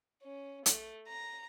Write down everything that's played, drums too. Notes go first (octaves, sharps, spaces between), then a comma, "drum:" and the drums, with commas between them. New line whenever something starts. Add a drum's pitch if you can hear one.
C#4
A3, drum: hi-hat
A#5